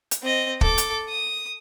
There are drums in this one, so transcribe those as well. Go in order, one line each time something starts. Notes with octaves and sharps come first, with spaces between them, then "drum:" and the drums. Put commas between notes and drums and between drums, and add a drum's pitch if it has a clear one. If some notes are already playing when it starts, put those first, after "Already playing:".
drum: hi-hat
C4 D#5
A4 D6, drum: kick
drum: hi-hat
D#6